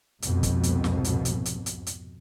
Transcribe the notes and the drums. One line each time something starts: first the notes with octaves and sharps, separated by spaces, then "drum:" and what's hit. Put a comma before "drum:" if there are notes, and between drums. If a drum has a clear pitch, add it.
C2 F2 G#2 B2, drum: hi-hat
drum: kick, hi-hat
drum: hi-hat
drum: snare
drum: hi-hat
drum: hi-hat
drum: hi-hat
drum: hi-hat
drum: hi-hat